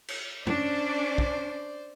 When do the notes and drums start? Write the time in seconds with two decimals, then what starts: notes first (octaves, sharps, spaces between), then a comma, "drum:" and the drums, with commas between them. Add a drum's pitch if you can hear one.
0.08 drum: cymbal
0.47 C#4 D4 C5 D5, drum: tom
1.18 drum: kick